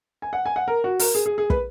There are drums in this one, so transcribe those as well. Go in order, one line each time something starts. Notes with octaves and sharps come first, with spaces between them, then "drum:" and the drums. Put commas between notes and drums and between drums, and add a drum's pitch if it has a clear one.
G#5
F#5
G#5
F#5
A#4
F#4
A#4, drum: open hi-hat
G#4
G#4
G#4
B4, drum: kick